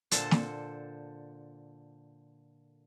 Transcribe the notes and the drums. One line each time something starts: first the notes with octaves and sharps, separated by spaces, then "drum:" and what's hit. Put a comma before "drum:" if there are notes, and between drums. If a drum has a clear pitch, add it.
A#2 D3 A4 C5 A5, drum: hi-hat
drum: snare